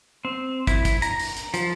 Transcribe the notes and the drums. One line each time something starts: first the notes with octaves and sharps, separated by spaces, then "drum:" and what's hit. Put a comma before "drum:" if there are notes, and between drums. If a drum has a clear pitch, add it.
C4
E4, drum: kick, hi-hat
drum: kick, hi-hat
A#5, drum: hi-hat
drum: open hi-hat
drum: hi-hat
F3, drum: hi-hat